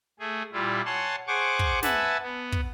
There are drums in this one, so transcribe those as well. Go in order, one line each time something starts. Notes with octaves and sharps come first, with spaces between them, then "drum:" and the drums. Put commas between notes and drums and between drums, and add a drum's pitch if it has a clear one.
A3 G#4
A#2 G3 E4 F4
C#5 F#5 G#5 A5 C6
G#4 C5 F#5 C#6 D6
drum: kick
B4 E5 F#5 G#5 A5, drum: snare
B3
drum: kick